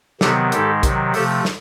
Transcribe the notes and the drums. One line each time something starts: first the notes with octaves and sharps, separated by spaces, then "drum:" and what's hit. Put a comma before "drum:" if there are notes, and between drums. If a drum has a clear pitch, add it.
C3 D#3 F#3 B3 G4 A4, drum: snare
G#2 D#3 G#3 G4 A4, drum: hi-hat
C3 D#3 F#3, drum: kick A#1, hi-hat
C3 F3 A3 G4 A4, drum: open hi-hat
drum: snare